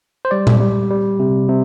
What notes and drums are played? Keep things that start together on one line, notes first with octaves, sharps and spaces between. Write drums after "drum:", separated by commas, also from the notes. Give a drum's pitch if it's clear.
C5
G3 D5
drum: tom A#2
G3
G3
C3
C3